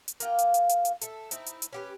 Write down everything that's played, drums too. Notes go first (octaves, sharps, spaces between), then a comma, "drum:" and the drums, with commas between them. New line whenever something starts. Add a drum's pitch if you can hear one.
drum: hi-hat
A#3 F4 G5, drum: hi-hat
drum: hi-hat
drum: hi-hat
drum: hi-hat
drum: hi-hat
A4 E5, drum: hi-hat
C4 D#4 E4, drum: hi-hat
drum: hi-hat
drum: hi-hat
C#4 G4 B4